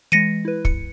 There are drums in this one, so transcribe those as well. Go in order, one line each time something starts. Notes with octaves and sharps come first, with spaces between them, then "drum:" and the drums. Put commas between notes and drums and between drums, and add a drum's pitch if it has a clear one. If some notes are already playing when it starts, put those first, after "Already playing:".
E3 G#3 A#6 C#7 D#7
E4 B4
C#7, drum: kick